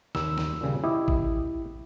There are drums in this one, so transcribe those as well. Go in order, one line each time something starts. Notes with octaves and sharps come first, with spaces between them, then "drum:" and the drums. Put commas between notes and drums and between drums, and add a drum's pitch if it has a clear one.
D#2 E6, drum: snare
drum: snare
A#2 C#3 G3
E4 G4 D#5
drum: kick A1